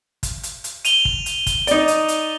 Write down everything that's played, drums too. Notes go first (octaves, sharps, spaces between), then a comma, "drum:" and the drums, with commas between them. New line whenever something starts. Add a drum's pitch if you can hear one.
drum: kick, hi-hat
drum: hi-hat
drum: hi-hat
D#7 F7 G7, drum: hi-hat
drum: kick
drum: hi-hat
drum: kick, hi-hat
D#4 D5, drum: hi-hat
drum: hi-hat
drum: hi-hat